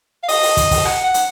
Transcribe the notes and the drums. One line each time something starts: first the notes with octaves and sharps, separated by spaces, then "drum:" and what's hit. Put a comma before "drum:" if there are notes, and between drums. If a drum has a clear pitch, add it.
F5
D#5, drum: open hi-hat
drum: open hi-hat
drum: kick, hi-hat
drum: kick, open hi-hat
F#5, drum: rim click
F#5
drum: hi-hat